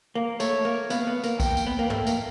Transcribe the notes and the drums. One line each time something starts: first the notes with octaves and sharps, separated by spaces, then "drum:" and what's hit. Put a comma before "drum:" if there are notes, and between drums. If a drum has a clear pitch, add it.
A#3
A3 C#5, drum: tambourine
A#3
B3 F5, drum: tambourine
B3
A#3, drum: tambourine
G5, drum: kick, tambourine
drum: tambourine
B3
A#3
A3, drum: tom
A#3, drum: tambourine